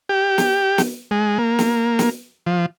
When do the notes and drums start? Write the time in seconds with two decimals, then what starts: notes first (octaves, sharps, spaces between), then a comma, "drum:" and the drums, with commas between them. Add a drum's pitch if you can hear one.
0.09 G4
0.38 drum: snare
0.78 drum: snare
1.11 G#3
1.38 A#3
1.59 drum: snare
1.99 drum: snare
2.46 F3